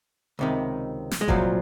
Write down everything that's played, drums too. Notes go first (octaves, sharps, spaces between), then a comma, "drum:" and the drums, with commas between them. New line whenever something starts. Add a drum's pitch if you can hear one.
C#2 C3 D#3
drum: snare
G#3
C2 A#2 F3 F#3, drum: kick F#1